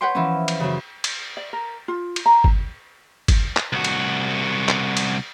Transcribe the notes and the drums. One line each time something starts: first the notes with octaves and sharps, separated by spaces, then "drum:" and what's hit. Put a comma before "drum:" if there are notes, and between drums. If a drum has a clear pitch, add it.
B4 C#5 F#5 G5 C6
E3 F3 C#4
drum: cymbal
F#2 C#3
drum: cymbal
D5
A#4
F4
drum: cymbal
A#5
drum: kick
drum: kick, cymbal
drum: clap
C2 F#4
drum: cymbal
drum: clap
drum: cymbal